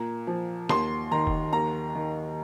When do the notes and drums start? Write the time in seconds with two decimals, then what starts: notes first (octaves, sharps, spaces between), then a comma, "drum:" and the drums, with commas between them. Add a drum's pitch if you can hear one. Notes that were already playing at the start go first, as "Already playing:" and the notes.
Already playing: A#2 A#5
0.27 F3
0.69 D#2 C6, drum: snare
1.11 D#3 A#5
1.27 drum: kick F1
1.53 D#2 A#5
1.95 D#3